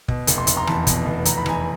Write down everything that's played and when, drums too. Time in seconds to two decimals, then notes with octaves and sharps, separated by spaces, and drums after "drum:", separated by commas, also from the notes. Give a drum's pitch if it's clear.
0.08 B2, drum: kick
0.27 F1, drum: hi-hat
0.38 C6
0.47 F1, drum: hi-hat
0.57 A#5 C6
0.67 E2 A5 B5, drum: rim click
0.87 B2, drum: kick, hi-hat
1.06 F1
1.25 F1 A#5, drum: hi-hat
1.37 B5
1.46 E2 G#5 A#5, drum: rim click